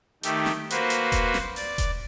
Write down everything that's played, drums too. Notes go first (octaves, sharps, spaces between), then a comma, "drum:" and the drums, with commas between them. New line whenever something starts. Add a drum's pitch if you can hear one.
D#3 A3 G4, drum: hi-hat
drum: snare
A#3 F#4 B4 C5, drum: hi-hat
drum: hi-hat
drum: kick E1, hi-hat
drum: snare
D5, drum: open hi-hat
drum: kick E1, hi-hat